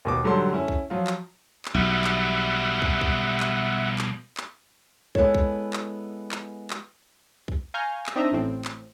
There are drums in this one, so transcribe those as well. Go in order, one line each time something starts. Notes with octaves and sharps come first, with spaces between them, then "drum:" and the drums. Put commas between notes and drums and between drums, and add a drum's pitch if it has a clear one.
D#2 B2 D6
G#2 D3 F#3 G3 A4 C6
C#4 E4 A4
drum: kick
F3 F#3 F4
drum: clap
drum: clap
B1 B2 G3 E5 F#5
drum: clap
drum: kick
drum: kick
drum: clap
drum: clap
drum: clap
G#3 B3 E4 A4 C#5, drum: kick
drum: kick
drum: clap
drum: clap
drum: clap
drum: kick
F5 G#5 A#5 C#6 F6 G6
drum: clap
C4 D4 D#4 D#5 E5 A#5
A1 A2 C4
drum: clap